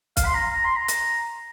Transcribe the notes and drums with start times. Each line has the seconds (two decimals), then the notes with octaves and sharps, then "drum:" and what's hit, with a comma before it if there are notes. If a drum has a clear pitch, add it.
0.17 F5, drum: kick B1, hi-hat
0.25 C6
0.34 A#5
0.52 A#5
0.64 C6
0.76 A#5
0.88 drum: hi-hat